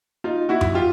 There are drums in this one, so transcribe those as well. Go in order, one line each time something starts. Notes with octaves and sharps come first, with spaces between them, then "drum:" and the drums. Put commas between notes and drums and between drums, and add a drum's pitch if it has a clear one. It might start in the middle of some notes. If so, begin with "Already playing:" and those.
D#4 F4
E4 F#4
drum: tom F#2
F4 G4